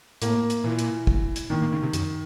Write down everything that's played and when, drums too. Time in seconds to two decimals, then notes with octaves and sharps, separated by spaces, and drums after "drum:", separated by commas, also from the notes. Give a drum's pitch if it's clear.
0.22 A2 A#3, drum: hi-hat
0.50 drum: hi-hat
0.64 A#2 E3
0.79 drum: hi-hat
1.07 drum: kick
1.36 drum: hi-hat
1.50 A#2 D#3
1.62 A#2
1.72 C#3
1.82 C3
1.93 F#2, drum: hi-hat